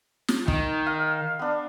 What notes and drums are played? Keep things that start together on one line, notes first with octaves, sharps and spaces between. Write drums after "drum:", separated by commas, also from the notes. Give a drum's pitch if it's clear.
drum: snare
D#3, drum: kick
F5
B3 D4